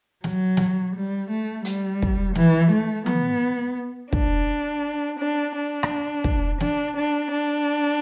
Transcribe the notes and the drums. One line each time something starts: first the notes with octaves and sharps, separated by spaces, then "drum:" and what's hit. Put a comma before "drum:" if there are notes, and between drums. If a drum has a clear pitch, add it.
F#3, drum: snare
drum: snare
G3
A3
G3, drum: hi-hat
drum: kick
E3, drum: snare
A3
B3, drum: tom E3
D4, drum: kick
D4
D4
drum: rim click
drum: kick
D4, drum: snare
D4
D4